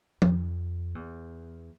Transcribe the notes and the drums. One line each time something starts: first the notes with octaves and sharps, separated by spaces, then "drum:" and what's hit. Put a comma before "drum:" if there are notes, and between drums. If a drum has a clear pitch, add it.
F2, drum: tom F3
E2